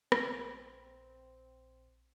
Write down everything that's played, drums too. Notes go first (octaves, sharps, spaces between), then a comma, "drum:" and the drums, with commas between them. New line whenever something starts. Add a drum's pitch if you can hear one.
A#1 C4, drum: rim click